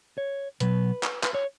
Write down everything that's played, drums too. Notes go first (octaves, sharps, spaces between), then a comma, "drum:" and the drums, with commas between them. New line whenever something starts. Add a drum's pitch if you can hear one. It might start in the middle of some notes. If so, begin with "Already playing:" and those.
C#5
B2 F#3 B3 B4, drum: hi-hat
drum: clap
B4, drum: clap
C#5